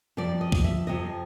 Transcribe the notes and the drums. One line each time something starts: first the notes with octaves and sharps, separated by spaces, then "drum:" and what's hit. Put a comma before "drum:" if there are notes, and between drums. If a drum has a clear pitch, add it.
F2 C3 F3 D5
D#5
drum: kick
E5
F2 C3 F3 D#5